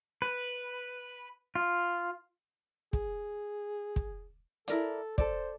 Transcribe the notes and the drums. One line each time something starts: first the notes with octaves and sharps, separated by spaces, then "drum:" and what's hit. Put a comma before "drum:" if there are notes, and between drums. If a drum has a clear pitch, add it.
B4
F4
G#4, drum: kick
drum: kick
E4 A4 A#4 D5, drum: hi-hat
A4 C5 D5, drum: kick